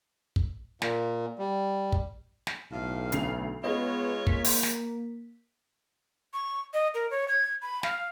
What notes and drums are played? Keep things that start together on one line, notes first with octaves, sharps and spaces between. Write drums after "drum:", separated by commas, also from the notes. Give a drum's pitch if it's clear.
drum: kick
A#2, drum: snare
G3
drum: kick
drum: snare
B1 A2 F5
D2 C7 F7, drum: hi-hat
G#3 B3 F4 G#4 B4 C#5 D#5
A#3 B6, drum: kick
drum: open hi-hat
drum: snare
C#6
D#5
A#4
C#5
G#6
B5
F5, drum: snare